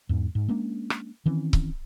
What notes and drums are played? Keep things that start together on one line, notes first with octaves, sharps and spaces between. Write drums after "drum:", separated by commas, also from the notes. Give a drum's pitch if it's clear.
E2 G#2
G#2
G#3 A#3 C#4 D4
drum: rim click
D#3 E3 C4 C#4
drum: kick C#1